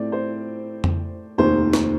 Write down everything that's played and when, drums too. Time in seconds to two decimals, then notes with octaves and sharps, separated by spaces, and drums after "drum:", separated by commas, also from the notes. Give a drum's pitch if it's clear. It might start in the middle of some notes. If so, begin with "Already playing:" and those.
Already playing: A2 A3 C4 D5
0.12 C5
0.84 drum: tom F2
1.38 F1 D#2 D#3 C5
1.73 drum: snare